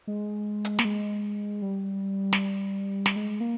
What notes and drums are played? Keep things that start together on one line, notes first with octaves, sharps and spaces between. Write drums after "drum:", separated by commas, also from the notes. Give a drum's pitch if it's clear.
G#3
drum: hi-hat
A#3, drum: snare
G#3
G3
drum: snare
drum: snare
G#3
A#3